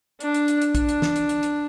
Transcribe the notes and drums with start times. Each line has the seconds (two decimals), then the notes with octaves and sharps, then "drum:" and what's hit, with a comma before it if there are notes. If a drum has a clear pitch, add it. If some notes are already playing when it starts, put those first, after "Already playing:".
0.20 D4, drum: hi-hat
0.34 drum: hi-hat
0.48 drum: hi-hat
0.62 drum: hi-hat
0.75 D4, drum: kick, hi-hat
0.89 drum: hi-hat
1.02 drum: snare
1.16 drum: hi-hat
1.29 drum: hi-hat
1.43 drum: hi-hat